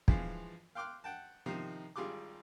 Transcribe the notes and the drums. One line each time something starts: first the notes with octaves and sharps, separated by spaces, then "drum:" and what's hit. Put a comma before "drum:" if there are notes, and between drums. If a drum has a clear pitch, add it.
G2 E3 F3 G#3 F4, drum: kick
F5 G5 C6 D6 F6 F#6
F#5 G5 A5
C3 D#3 F3 D#4
G#1 G3 F4 G#4 C6 D6